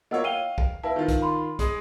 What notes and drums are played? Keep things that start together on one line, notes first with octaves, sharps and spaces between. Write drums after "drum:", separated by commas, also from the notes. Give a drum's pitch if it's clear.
A#3 F4 C#5 D#5 F#5 E6
F5 G5 D#7 G7
drum: kick
E4 B4 F5 A5
D#3 F4
drum: kick, hi-hat
B5 C6
G#3 D#6, drum: kick, hi-hat